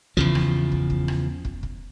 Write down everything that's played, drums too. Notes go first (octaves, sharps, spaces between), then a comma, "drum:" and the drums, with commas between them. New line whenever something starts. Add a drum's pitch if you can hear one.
E2 C#3 F3, drum: kick
drum: rim click
drum: kick
drum: kick
drum: rim click
drum: kick
drum: kick